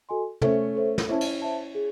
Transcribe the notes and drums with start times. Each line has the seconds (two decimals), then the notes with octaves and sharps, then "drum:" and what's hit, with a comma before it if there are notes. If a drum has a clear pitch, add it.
0.09 F#4 A4 D#5 G#5 C6
0.41 A3 C#4 A4 C5 E5, drum: tom
0.75 A4 C5 E5
0.98 drum: snare
1.09 C#4 E4 C5 E5 A5
1.21 drum: cymbal
1.42 C5 E5 A5
1.75 G#4 C#5